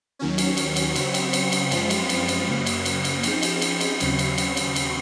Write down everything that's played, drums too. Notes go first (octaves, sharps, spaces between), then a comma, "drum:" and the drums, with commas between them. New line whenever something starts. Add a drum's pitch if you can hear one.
D#2 D#3 F#3 C#4
drum: cymbal
drum: cymbal
drum: cymbal
C#3 F#3 C4, drum: cymbal
drum: cymbal
drum: cymbal
drum: cymbal
F#2 F3 G#3 C4 F4, drum: cymbal
drum: cymbal
drum: cymbal
drum: cymbal
F#2 C#3 F#3 A#3
drum: cymbal
drum: cymbal
drum: cymbal
F3 C4 D#4 G#4, drum: cymbal
drum: cymbal
drum: cymbal
drum: cymbal
D#2 C#3 F#3 C4, drum: cymbal
drum: cymbal
drum: cymbal
drum: cymbal
drum: cymbal